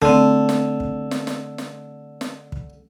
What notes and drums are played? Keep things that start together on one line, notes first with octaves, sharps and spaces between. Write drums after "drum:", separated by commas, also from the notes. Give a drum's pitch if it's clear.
D3 A3 C4, drum: kick
drum: snare
drum: kick
drum: snare
drum: snare
drum: snare
drum: snare
drum: kick